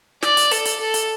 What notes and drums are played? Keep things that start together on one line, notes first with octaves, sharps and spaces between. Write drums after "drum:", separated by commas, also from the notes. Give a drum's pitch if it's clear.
D5, drum: snare
drum: hi-hat
A4, drum: hi-hat
drum: hi-hat
A4
drum: hi-hat